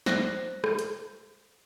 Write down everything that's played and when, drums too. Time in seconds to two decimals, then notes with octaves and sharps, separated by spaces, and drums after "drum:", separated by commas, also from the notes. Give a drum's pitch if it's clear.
0.06 C5 F#6 A#6, drum: snare
0.64 drum: rim click
0.79 drum: hi-hat